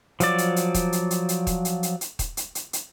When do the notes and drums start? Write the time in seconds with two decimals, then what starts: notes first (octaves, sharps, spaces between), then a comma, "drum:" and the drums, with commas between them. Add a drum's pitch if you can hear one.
0.20 F3 F#3 D5, drum: hi-hat
0.38 drum: hi-hat
0.56 drum: hi-hat
0.74 drum: kick D#1, hi-hat
0.92 drum: hi-hat
1.11 drum: hi-hat
1.29 drum: hi-hat
1.47 drum: kick D#1, hi-hat
1.65 drum: hi-hat
1.83 drum: hi-hat
2.01 drum: hi-hat
2.19 drum: kick D#1, hi-hat
2.37 drum: hi-hat
2.55 drum: hi-hat
2.73 drum: hi-hat